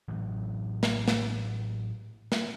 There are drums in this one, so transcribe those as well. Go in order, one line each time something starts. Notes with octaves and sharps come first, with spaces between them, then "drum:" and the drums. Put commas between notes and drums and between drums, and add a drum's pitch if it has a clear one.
A2 E3 F#3
drum: snare
drum: snare
drum: snare